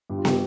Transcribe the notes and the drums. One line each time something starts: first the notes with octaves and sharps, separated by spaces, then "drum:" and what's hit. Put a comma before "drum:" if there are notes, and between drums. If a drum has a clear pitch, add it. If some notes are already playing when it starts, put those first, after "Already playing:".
G2 G4
F4
G3 G4, drum: snare